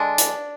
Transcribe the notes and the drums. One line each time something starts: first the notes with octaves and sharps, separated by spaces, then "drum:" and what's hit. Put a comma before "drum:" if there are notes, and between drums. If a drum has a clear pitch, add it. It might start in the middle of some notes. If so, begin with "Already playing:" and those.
Already playing: D3 G#3 D4
drum: hi-hat